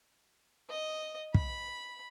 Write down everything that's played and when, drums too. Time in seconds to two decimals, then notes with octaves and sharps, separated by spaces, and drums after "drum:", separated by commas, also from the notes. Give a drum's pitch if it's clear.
0.70 D#5
1.34 B5, drum: kick